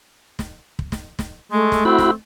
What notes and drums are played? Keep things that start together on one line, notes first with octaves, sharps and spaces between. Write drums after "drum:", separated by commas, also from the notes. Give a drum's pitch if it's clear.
drum: snare
drum: kick
drum: snare
drum: snare
G#3 A3
drum: snare
C4 E4 F#4 B5
drum: snare